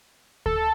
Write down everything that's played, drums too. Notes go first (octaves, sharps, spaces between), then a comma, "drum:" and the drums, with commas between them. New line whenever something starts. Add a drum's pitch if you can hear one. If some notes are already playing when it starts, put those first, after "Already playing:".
A4, drum: kick D2